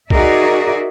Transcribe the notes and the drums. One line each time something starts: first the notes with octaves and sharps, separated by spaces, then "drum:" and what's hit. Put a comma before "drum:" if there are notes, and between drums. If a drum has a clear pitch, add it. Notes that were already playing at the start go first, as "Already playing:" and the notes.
D#4 F#4 G#4 A#4 D5 E5, drum: kick